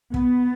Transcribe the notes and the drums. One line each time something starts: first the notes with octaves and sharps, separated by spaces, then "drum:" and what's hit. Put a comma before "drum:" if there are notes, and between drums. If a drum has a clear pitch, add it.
B3, drum: kick